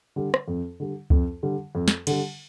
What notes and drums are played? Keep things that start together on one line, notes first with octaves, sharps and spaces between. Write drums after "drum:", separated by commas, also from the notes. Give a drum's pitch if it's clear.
D3 G3
drum: rim click
F2
D3 G3
F2, drum: kick C#2
D3 G3
F2
drum: snare
D3 G3, drum: cymbal